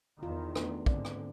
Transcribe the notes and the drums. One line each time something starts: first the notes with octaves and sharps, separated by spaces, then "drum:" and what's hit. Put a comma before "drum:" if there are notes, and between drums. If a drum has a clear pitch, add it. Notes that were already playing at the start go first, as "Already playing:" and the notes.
E2 D#3 F4
A3 B3 D4, drum: rim click
G#2 D3 C4 D5, drum: kick
drum: rim click